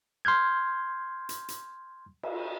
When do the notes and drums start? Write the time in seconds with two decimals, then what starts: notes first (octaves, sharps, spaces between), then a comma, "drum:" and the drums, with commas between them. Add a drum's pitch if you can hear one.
0.25 C6 F6 G6 G#6
1.29 drum: hi-hat
1.48 drum: hi-hat
2.23 drum: cymbal